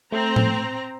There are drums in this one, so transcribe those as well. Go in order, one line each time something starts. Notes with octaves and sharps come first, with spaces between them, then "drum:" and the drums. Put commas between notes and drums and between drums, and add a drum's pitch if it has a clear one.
A3 C4 A#5
drum: tom A2